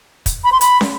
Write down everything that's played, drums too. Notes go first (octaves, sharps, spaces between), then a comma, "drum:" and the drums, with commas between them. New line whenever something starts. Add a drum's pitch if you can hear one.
drum: kick, hi-hat
B5
C6
B5, drum: hi-hat
drum: snare